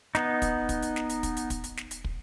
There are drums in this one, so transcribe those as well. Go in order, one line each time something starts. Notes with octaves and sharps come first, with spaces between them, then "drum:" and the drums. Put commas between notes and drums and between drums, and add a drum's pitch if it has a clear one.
B3 D#4, drum: snare
drum: kick, hi-hat
drum: kick, hi-hat
drum: hi-hat
drum: snare
drum: hi-hat
drum: kick, hi-hat
drum: hi-hat
drum: kick, hi-hat
drum: hi-hat
drum: snare
drum: hi-hat
drum: kick